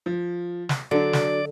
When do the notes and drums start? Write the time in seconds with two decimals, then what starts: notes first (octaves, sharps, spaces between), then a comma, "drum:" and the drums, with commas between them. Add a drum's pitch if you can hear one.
0.06 F3
0.69 drum: snare
0.91 D3 F#3 D4 D5
1.13 drum: snare